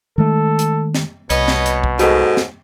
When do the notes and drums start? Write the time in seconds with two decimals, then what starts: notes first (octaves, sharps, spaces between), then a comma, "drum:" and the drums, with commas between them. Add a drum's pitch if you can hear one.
0.18 D#3 G#3 A3 A4
0.59 drum: hi-hat
0.95 drum: snare
1.30 C2 B2 B4 C#5 D#5, drum: hi-hat
1.48 drum: snare
1.66 drum: hi-hat
1.84 drum: kick
1.99 D#2 G#2 F#4 A4, drum: hi-hat
2.37 drum: snare